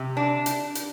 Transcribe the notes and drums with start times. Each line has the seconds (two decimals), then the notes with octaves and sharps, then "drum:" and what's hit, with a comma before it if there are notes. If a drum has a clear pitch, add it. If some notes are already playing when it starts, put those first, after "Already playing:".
Already playing: C3
0.17 D4
0.46 drum: hi-hat
0.75 drum: hi-hat